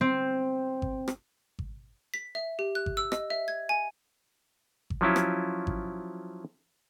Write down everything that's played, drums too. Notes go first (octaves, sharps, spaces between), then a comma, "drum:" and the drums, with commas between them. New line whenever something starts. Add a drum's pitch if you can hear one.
C4
drum: kick G#1
drum: rim click
drum: kick G#1
B6
E5
G4
F#6
drum: kick G#1
E6
D#5, drum: rim click
E5
G#6
G#5
drum: kick G#1
F3 F#3 C#4 E4 F4
drum: rim click
drum: kick G#1